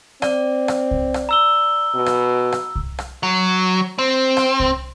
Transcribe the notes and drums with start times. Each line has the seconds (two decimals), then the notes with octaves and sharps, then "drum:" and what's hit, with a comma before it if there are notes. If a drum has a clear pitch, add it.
0.22 C4 D5, drum: rim click
0.68 drum: rim click
0.91 drum: kick C2
1.14 drum: rim click
1.29 A#5 E6 G7
1.95 B2
2.06 drum: rim click
2.52 drum: rim click
2.75 drum: kick C2
2.99 drum: rim click
3.23 F#3
3.98 C4
4.37 drum: rim click
4.60 drum: kick C2